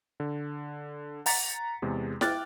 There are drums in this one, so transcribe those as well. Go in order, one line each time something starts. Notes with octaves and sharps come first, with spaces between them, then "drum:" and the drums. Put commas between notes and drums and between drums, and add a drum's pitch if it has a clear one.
D3
F#5 A#5 A6 B6 C#7, drum: open hi-hat
E2 C3 G#3
G5 D6 F6 F#6 A6, drum: snare E4